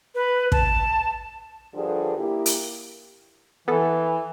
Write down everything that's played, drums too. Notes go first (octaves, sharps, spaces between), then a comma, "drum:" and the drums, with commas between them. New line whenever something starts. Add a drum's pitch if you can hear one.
B4
A5, drum: kick
G2 D3 F3 G4 G#4
A#3 E4 G4
drum: hi-hat
E3 B3 A4